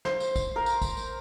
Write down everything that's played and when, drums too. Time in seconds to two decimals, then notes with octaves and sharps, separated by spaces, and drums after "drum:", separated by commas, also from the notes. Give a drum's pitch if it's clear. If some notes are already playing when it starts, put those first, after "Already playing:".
0.05 C5, drum: snare
0.20 drum: tambourine
0.36 drum: kick, tambourine
0.56 A#4
0.66 drum: tambourine
0.82 drum: kick, tambourine
0.97 drum: tambourine